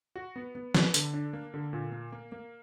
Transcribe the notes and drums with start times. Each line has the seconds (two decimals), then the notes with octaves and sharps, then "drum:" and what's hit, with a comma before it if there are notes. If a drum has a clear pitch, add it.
0.16 F#4
0.36 B3
0.55 B3
0.74 B3, drum: snare
0.94 D3, drum: hi-hat
1.13 D4
1.33 A#3
1.54 D3
1.73 A#2
1.92 A#3
2.12 A#3
2.32 A#3